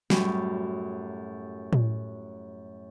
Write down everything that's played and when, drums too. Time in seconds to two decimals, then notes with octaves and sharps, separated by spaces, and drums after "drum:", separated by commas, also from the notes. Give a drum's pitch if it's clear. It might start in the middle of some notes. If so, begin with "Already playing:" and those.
0.10 F#2 A2 F#3 G3, drum: snare
1.73 drum: tom A2